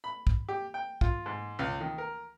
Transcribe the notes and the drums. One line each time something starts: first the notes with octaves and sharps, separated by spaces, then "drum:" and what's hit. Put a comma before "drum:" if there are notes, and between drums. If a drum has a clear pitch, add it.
B5
drum: kick
G4
G5
F4, drum: kick
G#2
C#2
D#3
A#4